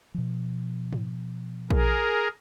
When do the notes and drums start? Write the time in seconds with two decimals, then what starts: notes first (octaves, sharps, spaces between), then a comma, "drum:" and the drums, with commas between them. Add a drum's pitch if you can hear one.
0.14 B2 F3
0.93 drum: tom G#2
1.70 G#4 A#4, drum: kick A#1